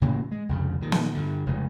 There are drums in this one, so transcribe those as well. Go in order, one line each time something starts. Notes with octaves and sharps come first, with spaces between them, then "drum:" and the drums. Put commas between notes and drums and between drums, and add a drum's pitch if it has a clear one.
A2 C#3 E3 A#3
G#3
C2 F2 C#3
A#2 D#3
drum: snare
G2 D3
F1 C#3 G#3